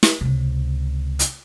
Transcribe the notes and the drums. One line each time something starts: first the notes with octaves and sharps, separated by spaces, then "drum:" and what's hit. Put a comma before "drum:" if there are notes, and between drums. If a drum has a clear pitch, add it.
drum: snare
C#2 C3
drum: hi-hat